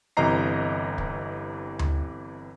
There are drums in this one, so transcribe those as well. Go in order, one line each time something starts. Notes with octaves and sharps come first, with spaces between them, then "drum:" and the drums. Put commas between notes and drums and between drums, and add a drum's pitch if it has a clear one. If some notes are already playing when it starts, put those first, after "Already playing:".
G1 C3 E3 D#5 A#5 C7
drum: kick
drum: tom D2